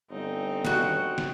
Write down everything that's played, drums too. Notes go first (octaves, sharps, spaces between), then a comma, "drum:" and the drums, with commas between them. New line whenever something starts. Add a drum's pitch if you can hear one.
G1 C4 D#4
F#4 F#5, drum: snare
drum: snare